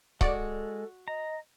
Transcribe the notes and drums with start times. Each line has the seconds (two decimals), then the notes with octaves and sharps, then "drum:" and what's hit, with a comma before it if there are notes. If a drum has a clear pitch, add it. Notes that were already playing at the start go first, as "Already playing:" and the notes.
0.21 G#3 F#4 A4 D5, drum: kick C#1
1.08 D#5 A#5